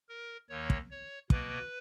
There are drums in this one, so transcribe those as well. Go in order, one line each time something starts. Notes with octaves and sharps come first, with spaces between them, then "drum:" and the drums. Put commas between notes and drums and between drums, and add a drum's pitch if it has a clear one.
A#4
D#2 D#3 A#3 C#5
drum: kick
C#5
B2 A#3 B4, drum: kick